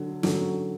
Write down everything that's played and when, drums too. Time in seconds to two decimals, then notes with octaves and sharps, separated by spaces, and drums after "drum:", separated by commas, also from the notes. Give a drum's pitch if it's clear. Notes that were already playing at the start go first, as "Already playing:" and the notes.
Already playing: D3 F#3
0.23 D3 F#3 C#4, drum: snare